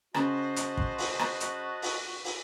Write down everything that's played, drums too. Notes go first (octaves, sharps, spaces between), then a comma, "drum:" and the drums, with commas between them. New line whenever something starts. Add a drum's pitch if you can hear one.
C#3 F#4 C5 D#5 A5 B5, drum: rim click
drum: hi-hat
drum: kick
drum: open hi-hat
drum: rim click
drum: hi-hat
drum: open hi-hat
drum: open hi-hat